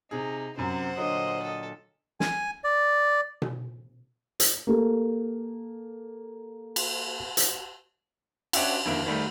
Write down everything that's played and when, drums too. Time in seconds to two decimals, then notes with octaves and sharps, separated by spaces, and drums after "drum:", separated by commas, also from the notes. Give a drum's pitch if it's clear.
0.11 C3 D#4 G#4
0.58 F#2 C3 C5 F#5
0.97 A#2 D3 F#3 D#5
1.42 A4
2.20 G#5, drum: snare
2.64 D5
3.42 drum: tom B2
4.40 drum: hi-hat
4.67 A#3 G4 A4
6.76 drum: cymbal
7.37 drum: hi-hat
8.53 C#4 D4 F#4 E5 F#5 G5, drum: cymbal
8.85 F2 D3 D#3 A#3 E4
9.06 D#3 G3 A3